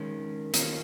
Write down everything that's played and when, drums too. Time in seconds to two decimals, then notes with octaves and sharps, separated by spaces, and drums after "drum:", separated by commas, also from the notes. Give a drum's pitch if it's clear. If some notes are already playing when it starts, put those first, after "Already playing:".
Already playing: D#3 G#3 C#4 A#4
0.54 D#3 A#3 C#4 F4, drum: hi-hat